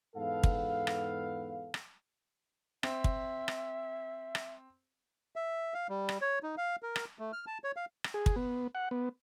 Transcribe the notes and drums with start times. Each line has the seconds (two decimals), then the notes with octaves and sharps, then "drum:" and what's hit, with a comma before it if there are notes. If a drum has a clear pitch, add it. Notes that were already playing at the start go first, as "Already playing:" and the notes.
0.16 E2 G#2 B3 A4 F5
0.43 drum: kick
0.87 drum: rim click
1.74 drum: rim click
2.83 C4 E5, drum: rim click
3.04 drum: kick
3.48 drum: rim click
4.35 drum: rim click
5.36 E5
5.74 F5
5.89 G3
6.09 drum: rim click
6.22 C#5
6.43 D#4
6.57 F5
6.83 A#4
6.96 drum: rim click
7.19 A3
7.33 F6
7.47 A5
7.64 C#5
7.76 F5
8.04 drum: rim click
8.14 G#4
8.26 drum: kick
8.36 B3
8.75 F#5
8.91 B3